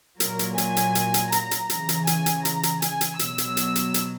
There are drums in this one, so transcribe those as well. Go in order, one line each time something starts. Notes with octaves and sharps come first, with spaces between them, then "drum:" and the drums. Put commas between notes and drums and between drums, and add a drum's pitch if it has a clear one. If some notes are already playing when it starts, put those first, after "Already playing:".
A#2 F#3 A#4, drum: hi-hat
drum: hi-hat
G#5, drum: hi-hat
drum: hi-hat
drum: hi-hat
drum: hi-hat
A#5, drum: hi-hat
drum: hi-hat
C#3 E3 A#5, drum: hi-hat
drum: hi-hat
G#5, drum: hi-hat
drum: hi-hat
A#5, drum: hi-hat
drum: hi-hat
G#5, drum: hi-hat
drum: hi-hat
B2 F#3 E6, drum: hi-hat
drum: hi-hat
drum: hi-hat
drum: hi-hat
drum: hi-hat